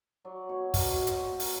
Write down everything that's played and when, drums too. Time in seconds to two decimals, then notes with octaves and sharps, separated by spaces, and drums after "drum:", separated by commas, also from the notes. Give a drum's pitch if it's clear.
0.25 F#3 D5
0.49 B2 C#5
0.74 B2 D5, drum: kick, open hi-hat
0.90 C#5
0.99 F#3
1.07 C5, drum: hi-hat
1.23 A#2 C5
1.40 drum: open hi-hat